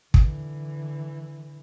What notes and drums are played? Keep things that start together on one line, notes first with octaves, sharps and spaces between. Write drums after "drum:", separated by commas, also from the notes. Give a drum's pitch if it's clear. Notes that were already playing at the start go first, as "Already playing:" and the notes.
D3 E3, drum: kick